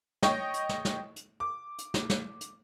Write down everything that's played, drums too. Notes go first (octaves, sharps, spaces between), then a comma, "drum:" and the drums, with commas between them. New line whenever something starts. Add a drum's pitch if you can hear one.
C#5 D#5 G5 C#6, drum: snare
drum: hi-hat
drum: snare
drum: snare
drum: hi-hat
D6
drum: hi-hat
drum: snare
drum: snare
drum: hi-hat